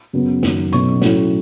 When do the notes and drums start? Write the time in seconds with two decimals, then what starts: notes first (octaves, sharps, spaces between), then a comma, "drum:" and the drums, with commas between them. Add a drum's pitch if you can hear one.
0.13 F#2 C#3 F#3 B3
0.43 F#1 F#2 D#3 F#3, drum: snare
0.72 B1 B2 F#3 A3 C#4 C#6, drum: hi-hat
1.02 A2 F#3 C#4 E4, drum: snare